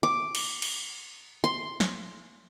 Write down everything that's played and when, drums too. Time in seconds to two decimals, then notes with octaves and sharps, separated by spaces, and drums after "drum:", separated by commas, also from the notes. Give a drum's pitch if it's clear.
0.03 D6
0.35 drum: cymbal
0.62 drum: cymbal
1.44 C6
1.80 drum: snare